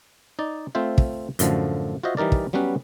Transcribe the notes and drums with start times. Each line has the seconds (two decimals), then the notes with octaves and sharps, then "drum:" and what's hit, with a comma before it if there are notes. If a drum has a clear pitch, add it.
0.39 D#4 D5
0.75 A3 C4 F4 C5 E5
0.98 drum: kick
1.39 F#2 A2 D3 F3, drum: hi-hat
2.03 F4 F#4 C5 D#5 E5
2.17 E3 G3 D#4 A#4 D5
2.32 drum: kick
2.53 F#3 G3 B3 C#4 B4